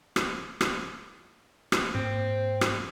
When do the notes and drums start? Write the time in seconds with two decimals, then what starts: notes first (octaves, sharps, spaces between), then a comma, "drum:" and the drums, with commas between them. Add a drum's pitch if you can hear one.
0.16 drum: rim click
0.61 drum: rim click
1.72 drum: rim click
1.94 G#2 A#3 C4
2.61 drum: rim click